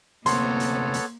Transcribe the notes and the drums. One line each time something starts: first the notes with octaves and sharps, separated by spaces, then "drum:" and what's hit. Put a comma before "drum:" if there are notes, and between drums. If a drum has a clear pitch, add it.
D2 C3 A#3 B3 A4 C#5 C6, drum: hi-hat
drum: hi-hat
drum: hi-hat